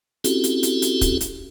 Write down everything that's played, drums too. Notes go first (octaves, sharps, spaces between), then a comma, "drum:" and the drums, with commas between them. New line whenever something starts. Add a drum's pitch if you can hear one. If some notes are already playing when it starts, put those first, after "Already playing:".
C4 C#4 E4 F#4 G4 A4, drum: hi-hat
drum: hi-hat
drum: hi-hat
drum: hi-hat
drum: kick, hi-hat
drum: hi-hat